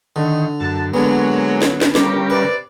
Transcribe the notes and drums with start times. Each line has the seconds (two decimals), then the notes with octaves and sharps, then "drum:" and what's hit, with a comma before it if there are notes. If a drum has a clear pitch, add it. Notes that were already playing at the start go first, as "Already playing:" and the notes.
0.16 D3 D#3
0.60 F#2 A5
0.94 D3 F#3 G#3 A#3 B3
1.62 drum: snare
1.81 drum: snare
1.95 C#3 G3 G4 A#4, drum: snare
2.30 C3 B4 D5